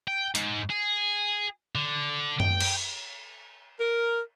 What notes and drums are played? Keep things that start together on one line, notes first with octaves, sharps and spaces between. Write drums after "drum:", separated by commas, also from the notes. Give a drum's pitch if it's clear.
G5
G#2, drum: hi-hat
G#4
D3
G5, drum: tom F#2
drum: cymbal
A#4